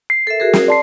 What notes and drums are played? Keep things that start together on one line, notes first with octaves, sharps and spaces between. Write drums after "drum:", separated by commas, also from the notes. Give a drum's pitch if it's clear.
C7
A4 A#4 E5
F#4 G#4 A#4
drum: snare
D5 A5 C6 C7